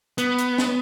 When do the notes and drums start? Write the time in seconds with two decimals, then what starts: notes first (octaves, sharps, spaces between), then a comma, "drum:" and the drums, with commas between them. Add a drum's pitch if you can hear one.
0.18 B3, drum: hi-hat
0.39 drum: hi-hat
0.58 drum: snare